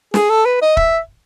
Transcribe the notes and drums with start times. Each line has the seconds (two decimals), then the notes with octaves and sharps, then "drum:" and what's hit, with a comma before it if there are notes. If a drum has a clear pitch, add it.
0.14 G#4, drum: snare
0.30 A4
0.45 B4
0.62 D#5
0.77 E5, drum: kick